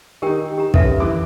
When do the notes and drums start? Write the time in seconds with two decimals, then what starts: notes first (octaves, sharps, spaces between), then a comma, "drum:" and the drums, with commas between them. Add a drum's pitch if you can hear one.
0.22 D#3 D#4 G4 A#4 G5
0.58 G4 A#5
0.74 F#2 A4 B4 E5, drum: kick
1.00 E3 E4 D6